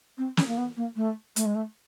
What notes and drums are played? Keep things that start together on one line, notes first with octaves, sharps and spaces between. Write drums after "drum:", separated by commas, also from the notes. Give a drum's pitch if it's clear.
C4
C#4, drum: snare
A#3
B3
A#3
A3
A3, drum: hi-hat
G#3
A3